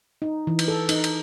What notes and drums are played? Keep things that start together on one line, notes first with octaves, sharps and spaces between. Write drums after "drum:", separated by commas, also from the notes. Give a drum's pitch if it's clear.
D#4
E3
drum: cymbal
A4
D#4, drum: cymbal
drum: cymbal